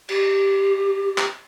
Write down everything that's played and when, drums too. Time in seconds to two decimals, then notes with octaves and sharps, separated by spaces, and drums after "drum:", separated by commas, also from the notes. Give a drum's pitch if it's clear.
0.09 G4, drum: cymbal
1.18 drum: clap